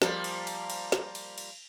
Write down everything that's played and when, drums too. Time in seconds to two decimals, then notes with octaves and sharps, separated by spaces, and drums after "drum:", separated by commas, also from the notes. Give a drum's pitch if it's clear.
0.02 F3 G3 A#3, drum: snare
0.24 drum: cymbal
0.47 drum: cymbal
0.70 drum: cymbal
0.92 drum: snare
1.15 drum: cymbal
1.38 drum: cymbal